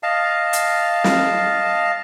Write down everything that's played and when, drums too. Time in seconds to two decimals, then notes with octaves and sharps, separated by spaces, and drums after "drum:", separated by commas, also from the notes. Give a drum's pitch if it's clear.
0.03 D#5 F5 A5
0.53 drum: hi-hat
1.04 drum: snare